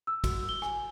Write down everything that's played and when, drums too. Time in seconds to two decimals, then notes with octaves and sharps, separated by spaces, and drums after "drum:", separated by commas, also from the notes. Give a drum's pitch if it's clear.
0.07 E6
0.24 F#4, drum: kick, cymbal
0.49 G7
0.62 G#5, drum: rim click